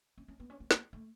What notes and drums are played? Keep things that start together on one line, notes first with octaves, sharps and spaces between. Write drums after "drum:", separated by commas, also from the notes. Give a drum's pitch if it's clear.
C#4
C#4
B3
C#4
B3
B3, drum: snare
A3